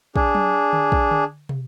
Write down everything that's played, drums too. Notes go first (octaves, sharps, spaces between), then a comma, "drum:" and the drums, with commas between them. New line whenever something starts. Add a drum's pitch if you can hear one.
D4 G#4, drum: kick
drum: tom F#3
drum: tom D3
drum: kick
drum: tom D3
drum: tom